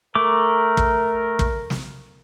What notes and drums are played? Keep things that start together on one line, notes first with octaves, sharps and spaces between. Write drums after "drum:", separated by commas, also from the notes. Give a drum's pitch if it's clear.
A3 A#4 D6
drum: kick
drum: kick
drum: snare